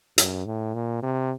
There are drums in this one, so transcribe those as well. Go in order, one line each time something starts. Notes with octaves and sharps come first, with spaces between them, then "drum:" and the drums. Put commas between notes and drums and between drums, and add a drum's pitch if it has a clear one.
F#2, drum: hi-hat
A2
A#2
C3